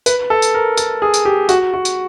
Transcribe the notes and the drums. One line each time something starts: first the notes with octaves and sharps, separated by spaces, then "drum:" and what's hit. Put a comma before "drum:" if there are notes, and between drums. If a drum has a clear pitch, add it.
B4, drum: tambourine
A4
drum: tambourine
A#4
A4, drum: tambourine
G#4
drum: tambourine
G4
F#4, drum: tambourine
F#4
drum: tambourine